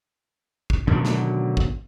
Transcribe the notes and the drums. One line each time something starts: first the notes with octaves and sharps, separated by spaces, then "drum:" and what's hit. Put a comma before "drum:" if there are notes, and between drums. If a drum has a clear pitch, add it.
drum: kick
B2 D3 D#3 F#3 A#3
drum: snare
drum: kick